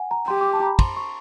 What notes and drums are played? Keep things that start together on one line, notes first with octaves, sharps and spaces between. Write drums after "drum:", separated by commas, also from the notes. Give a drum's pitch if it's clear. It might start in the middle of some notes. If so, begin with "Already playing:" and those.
Already playing: F#5 G#5
A#5
G4 C6
D6
A5
A#5
B5
C6, drum: kick, cymbal
C#6